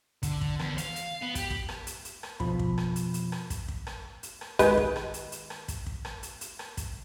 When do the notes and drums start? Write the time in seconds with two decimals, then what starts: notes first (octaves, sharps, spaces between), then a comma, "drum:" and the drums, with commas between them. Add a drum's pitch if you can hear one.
0.23 D3, drum: kick, hi-hat
0.41 drum: kick
0.59 E2, drum: rim click
0.78 F5, drum: hi-hat
0.96 drum: hi-hat
1.22 B3
1.35 G4, drum: kick, hi-hat
1.50 drum: kick
1.69 drum: rim click
1.87 drum: hi-hat
2.05 drum: hi-hat
2.23 drum: rim click
2.40 F2 B2 F3 B5, drum: kick
2.59 drum: kick
2.78 drum: rim click
2.96 drum: hi-hat
3.14 drum: hi-hat
3.32 drum: rim click
3.50 drum: kick, hi-hat
3.68 drum: kick
3.87 drum: rim click
4.23 drum: hi-hat
4.41 drum: rim click
4.59 D#3 G#3 B4, drum: kick, hi-hat
4.77 drum: kick
4.96 drum: rim click
5.14 drum: hi-hat
5.32 drum: hi-hat
5.50 drum: rim click
5.68 drum: kick, hi-hat
5.86 drum: kick
6.05 drum: rim click
6.23 drum: hi-hat
6.41 drum: hi-hat
6.59 drum: rim click
6.77 drum: kick, hi-hat